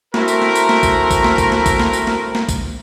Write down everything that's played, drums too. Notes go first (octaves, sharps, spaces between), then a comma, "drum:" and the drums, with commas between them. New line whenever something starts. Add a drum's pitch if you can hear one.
A3 C4 E4 F#4 A#4, drum: snare
drum: tambourine
drum: snare
drum: tambourine
drum: snare
drum: kick A1, tambourine
drum: kick A1, tambourine
drum: snare
drum: kick A1, tambourine
drum: snare
drum: kick A1, tambourine
drum: snare
drum: tambourine
drum: snare
drum: snare
drum: kick A1, tambourine